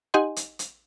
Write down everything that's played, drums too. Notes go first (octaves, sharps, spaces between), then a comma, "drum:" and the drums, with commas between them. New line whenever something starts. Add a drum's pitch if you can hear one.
D#4 G4 D#5 F#5 G#5 C6
drum: hi-hat
drum: hi-hat